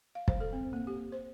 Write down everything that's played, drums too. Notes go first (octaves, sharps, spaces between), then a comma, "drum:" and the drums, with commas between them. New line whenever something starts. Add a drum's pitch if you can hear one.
F5
C5, drum: kick
A4
C4
A#3
G4
C5